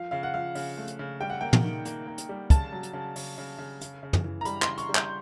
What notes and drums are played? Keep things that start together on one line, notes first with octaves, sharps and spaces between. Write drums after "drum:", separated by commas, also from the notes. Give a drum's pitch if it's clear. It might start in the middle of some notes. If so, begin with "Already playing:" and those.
Already playing: F3 F5
C#3 F5
F#5
F3 F5
C#3, drum: open hi-hat
A3
drum: hi-hat
C#3
G3 G5
F#5
A#3 G5
drum: tom
D#3
A#3, drum: hi-hat
A#3
drum: hi-hat
G3
C#3 A5, drum: kick, hi-hat
F#3
drum: hi-hat
C#3
C#3, drum: open hi-hat
C#3
C#3
C#3, drum: hi-hat
C#3
drum: tom
E3
A#5
G3 B5, drum: hi-hat
C6, drum: clap
C#3
C#6, drum: hi-hat
G3
G6, drum: clap